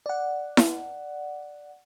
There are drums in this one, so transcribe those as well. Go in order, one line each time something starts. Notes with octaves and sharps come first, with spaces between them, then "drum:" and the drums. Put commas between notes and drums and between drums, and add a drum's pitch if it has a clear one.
D5 F#5
drum: snare E4